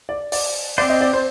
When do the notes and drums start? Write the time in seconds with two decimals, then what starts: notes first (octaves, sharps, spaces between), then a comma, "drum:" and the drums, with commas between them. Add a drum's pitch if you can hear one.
0.09 D5
0.32 D5, drum: open hi-hat
0.78 C4 G4 C5 D5
0.90 D#5
1.01 D5
1.13 C5